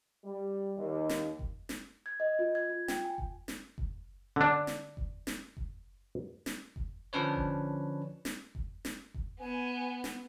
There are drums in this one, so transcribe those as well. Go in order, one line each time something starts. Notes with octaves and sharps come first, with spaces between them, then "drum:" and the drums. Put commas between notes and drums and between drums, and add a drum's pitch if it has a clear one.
G3
D#2
drum: snare
drum: kick F#1
drum: snare
G#6
D#5
F4
G#6
F4
G5, drum: snare
G#5
drum: kick F#1
drum: snare
drum: kick F#1
D3 D4
drum: snare
drum: kick F#1
drum: snare
drum: kick F#1
drum: snare
drum: kick F#1
D3 F3 C#4 D4 B4 C#5
drum: kick F#1
drum: snare
drum: kick F#1
drum: snare
drum: kick F#1
B3 G#5
drum: snare